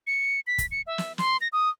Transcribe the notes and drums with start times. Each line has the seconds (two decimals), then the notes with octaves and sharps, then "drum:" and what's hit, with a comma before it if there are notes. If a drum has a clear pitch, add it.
0.07 C#7
0.47 B6
0.58 drum: kick, hi-hat
0.71 C#7
0.87 E5
0.98 drum: snare
1.18 C6, drum: snare
1.41 A#6
1.53 D#6